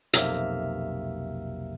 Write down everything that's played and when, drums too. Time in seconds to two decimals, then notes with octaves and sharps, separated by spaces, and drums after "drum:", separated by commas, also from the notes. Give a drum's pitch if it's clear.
0.13 B1 F2 C3 A#3 E5 F6, drum: hi-hat